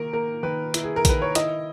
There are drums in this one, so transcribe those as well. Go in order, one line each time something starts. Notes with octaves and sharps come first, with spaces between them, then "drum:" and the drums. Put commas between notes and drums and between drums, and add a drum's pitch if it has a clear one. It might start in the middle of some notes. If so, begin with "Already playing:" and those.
Already playing: D#3 A#3 A#4
A#3 A#4
D#3 B4
E4, drum: hi-hat
G#4
A#4
D#3 B4, drum: kick, hi-hat
C#5
E4 D#5, drum: hi-hat